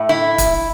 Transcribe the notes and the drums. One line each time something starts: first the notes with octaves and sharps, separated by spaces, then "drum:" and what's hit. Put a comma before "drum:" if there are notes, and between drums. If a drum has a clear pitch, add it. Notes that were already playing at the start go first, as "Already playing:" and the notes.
Already playing: A2 E5
E4
drum: kick, hi-hat